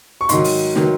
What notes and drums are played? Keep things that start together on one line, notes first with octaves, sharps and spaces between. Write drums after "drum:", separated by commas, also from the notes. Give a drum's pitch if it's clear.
C#6
G#2 D#3 F#3 C6, drum: hi-hat
drum: open hi-hat
D#3 F#3, drum: snare